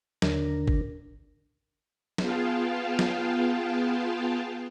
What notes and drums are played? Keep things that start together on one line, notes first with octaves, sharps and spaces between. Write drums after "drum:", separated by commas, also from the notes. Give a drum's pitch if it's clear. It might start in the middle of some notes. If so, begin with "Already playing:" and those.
D#2 D3 D4 A#4, drum: snare
drum: kick G#1
B3 F4 G#4 F5 G5 A5, drum: snare
drum: snare